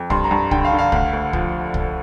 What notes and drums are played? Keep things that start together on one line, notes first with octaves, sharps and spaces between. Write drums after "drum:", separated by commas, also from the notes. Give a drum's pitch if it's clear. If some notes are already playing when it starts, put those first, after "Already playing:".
Already playing: F2
G2 C6, drum: kick
A#5
G2
D3 G5, drum: kick
F5
D3
F5
D2, drum: kick
D2
F3, drum: kick
drum: kick